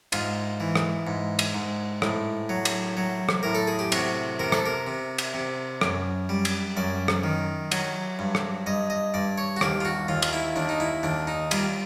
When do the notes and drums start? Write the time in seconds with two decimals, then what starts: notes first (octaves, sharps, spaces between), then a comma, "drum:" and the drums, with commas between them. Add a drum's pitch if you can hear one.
0.12 G#2 F4, drum: cymbal
0.60 E3
0.76 drum: rim click
1.07 G#2
1.39 drum: cymbal
1.54 G#2
2.02 A2, drum: rim click
2.49 F#3
2.65 drum: cymbal
2.97 F#3
3.29 drum: rim click
3.43 A2 A#4
3.55 A4
3.67 G#4
3.79 G4
3.92 C3 F#4, drum: cymbal
4.39 C3 A#4
4.52 A4, drum: rim click
4.66 A#4
4.87 C3
5.18 drum: cymbal
5.34 C3
5.81 F#2, drum: rim click
6.29 G3
6.45 drum: cymbal
6.77 F#2 D5
7.08 drum: rim click
7.24 D#3
7.72 F#3, drum: cymbal
8.19 G2
8.35 drum: rim click
8.66 G2 D#5
8.90 D#5
9.14 G2 D5
9.38 C#5
9.57 F#4
9.61 D#2 G4, drum: rim click
9.81 F4
9.85 F#4
10.08 D#2 F4
10.22 F4, drum: cymbal
10.33 E4
10.56 D#2 D4
10.69 D#4
10.80 E4
11.03 D#2 D4
11.27 D#4
11.51 G3 F4, drum: cymbal